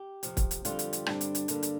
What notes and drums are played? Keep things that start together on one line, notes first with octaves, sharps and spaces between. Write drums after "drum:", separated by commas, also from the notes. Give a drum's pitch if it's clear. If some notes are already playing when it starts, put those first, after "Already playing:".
Already playing: G4
F2 C3 F3, drum: hi-hat
drum: kick, hi-hat
drum: hi-hat
F2 D3 G3 C4 F4, drum: hi-hat
drum: hi-hat
drum: hi-hat
G2 D3 G3 C4 D4, drum: rim click
drum: hi-hat
drum: hi-hat
G2 D3 A#3, drum: hi-hat
drum: hi-hat